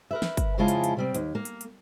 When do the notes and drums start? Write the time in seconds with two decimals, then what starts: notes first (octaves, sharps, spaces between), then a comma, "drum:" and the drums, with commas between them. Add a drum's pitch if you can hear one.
0.11 A#4 B4 E5
0.22 drum: snare
0.37 drum: kick, hi-hat
0.58 F2 C#3 G#3 E4 F4 A5
0.68 drum: hi-hat
0.84 drum: hi-hat
0.97 C3 G3 C4
1.14 D#2, drum: hi-hat
1.35 A#3
1.45 drum: hi-hat
1.61 drum: hi-hat